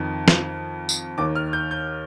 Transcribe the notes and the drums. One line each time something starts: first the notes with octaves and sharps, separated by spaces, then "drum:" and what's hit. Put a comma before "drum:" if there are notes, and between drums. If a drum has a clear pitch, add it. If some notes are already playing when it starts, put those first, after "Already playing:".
Already playing: F2 D#3
drum: snare
drum: tambourine
D#2 D#3 D6
F6
G6
G6